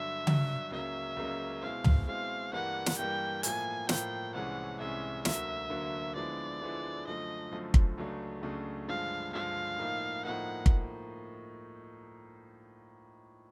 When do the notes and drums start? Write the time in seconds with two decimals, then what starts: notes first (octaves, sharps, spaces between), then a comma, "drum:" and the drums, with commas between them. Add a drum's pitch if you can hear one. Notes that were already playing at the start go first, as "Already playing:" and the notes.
Already playing: G2 D3 F#3 E5
0.27 G2 D3 F#3, drum: tom C#3
0.71 C#2 C#3 F#3 A#3 C#4 E5
1.16 C#2 C#3 F#3 A#3 C#4
1.62 B2 G#3 C4 E4 F5
1.84 drum: tom
2.07 B2 G#3 C4 E4 F5
2.53 G2 E3 G3 A#3 F#5
2.86 drum: snare
2.98 G2 E3 G3 A#3 G5
3.43 A2 F3 A#3 G#5, drum: hi-hat
3.89 A2 F3 A#3 G5, drum: snare
4.34 C2 C3 E3 G#3 C#4 F#5
4.80 C2 C3 E3 G#3 C#4 E5
5.25 D2 D3 F#3 A#3 E5, drum: snare
5.70 D2 D3 F#3 A#3
6.15 D3 F3 G#3 B3 E4 D5
6.62 D3 F3 G#3 B3 E4
7.07 F#2 D3 F3 A3 D#5
7.51 F#2 D3 F3 A3
7.74 drum: kick
7.98 C#2 C#3 F#3 A3 D4
8.42 C#2 C#3 F#3 A3 D4
8.88 G2 D3 F3 G#3 F5
9.33 G2 D3 F3 G#3 F5
9.79 A2 F3 A#3 D#4
10.25 A2 F3 A#3 D#4 F#5
10.66 drum: kick